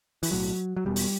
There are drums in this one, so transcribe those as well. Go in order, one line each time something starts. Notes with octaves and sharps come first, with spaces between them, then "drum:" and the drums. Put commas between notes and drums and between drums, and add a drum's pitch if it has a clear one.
E3, drum: open hi-hat
B1 A2 F#3
F#3
E1 E2 B2 G3
drum: open hi-hat